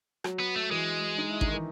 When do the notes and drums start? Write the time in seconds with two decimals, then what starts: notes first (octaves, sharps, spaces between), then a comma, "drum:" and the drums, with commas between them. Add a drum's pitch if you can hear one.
0.24 F#3, drum: rim click
0.40 B3
0.56 A3
0.71 E3 G#3
1.18 D#4
1.29 E4
1.41 D#4, drum: kick G#1
1.47 D#3
1.54 E3